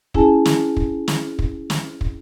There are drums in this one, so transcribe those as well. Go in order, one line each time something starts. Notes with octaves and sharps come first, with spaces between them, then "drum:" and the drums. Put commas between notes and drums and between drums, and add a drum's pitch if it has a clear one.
C#4 E4 G#4 G#5 A5, drum: kick
drum: snare
drum: kick
drum: snare
drum: kick
drum: snare
drum: kick